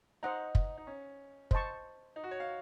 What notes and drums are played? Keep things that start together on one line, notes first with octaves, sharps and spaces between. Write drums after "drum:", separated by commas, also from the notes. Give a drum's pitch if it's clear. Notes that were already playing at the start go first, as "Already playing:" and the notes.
D#4 C5 D#5 F#5 A#5
drum: kick
D#4
C#4
C5 D#5 A5 C#6, drum: kick
D#4
F#4
C#5
F5